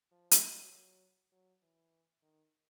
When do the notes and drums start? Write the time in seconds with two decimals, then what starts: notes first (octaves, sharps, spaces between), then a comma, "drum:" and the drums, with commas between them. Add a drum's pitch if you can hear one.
0.12 F3
0.31 drum: hi-hat
0.42 F#3
1.32 F#3
1.63 E3
2.22 D#3